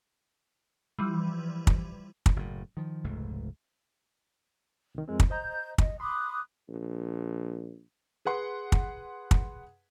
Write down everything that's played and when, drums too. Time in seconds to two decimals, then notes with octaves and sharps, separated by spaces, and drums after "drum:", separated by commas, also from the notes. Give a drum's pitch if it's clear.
0.99 E3 F3 G3
1.67 drum: kick
2.26 drum: kick
2.36 F#1 A2
2.77 D#3 F3
3.04 F1 C#2 G#2 A3
4.95 C2 D#3
5.08 F2 G#3 C4 A#4
5.20 drum: kick
5.30 C5 D#5 A#5 G6
5.78 D#5, drum: kick
6.00 B5 C6 D6 D#6 F#6
6.69 A#1
8.25 G#4 B4 F#5 C6
8.72 drum: kick
9.31 drum: kick